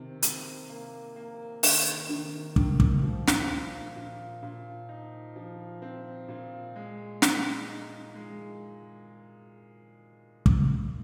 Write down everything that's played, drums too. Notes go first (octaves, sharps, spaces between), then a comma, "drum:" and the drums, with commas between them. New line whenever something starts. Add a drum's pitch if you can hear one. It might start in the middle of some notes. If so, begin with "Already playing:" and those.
Already playing: C3 D#3
C3, drum: hi-hat
A#3
A#3
D#3, drum: open hi-hat
D#3
D#3, drum: kick
drum: kick
F3
drum: snare
A#2
A#2
A#2
D#4
F3
C4
A#2
G#3
G#3, drum: snare
D#4
G#3
drum: kick